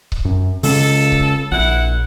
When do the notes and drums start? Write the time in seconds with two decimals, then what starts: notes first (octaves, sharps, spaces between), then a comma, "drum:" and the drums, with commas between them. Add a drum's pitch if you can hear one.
0.12 drum: kick C#1
0.25 F#2
0.63 C#3 G#3 C#4 A4, drum: open hi-hat
1.12 drum: kick C#1
1.52 A#1 E4 F#5